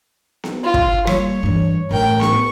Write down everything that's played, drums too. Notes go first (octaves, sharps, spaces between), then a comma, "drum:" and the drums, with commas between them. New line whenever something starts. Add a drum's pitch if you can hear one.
drum: snare B3
F4
drum: kick
G3 A#3 C#5, drum: rim click
G2 E3
A1 A#4 G5
C#6, drum: snare B3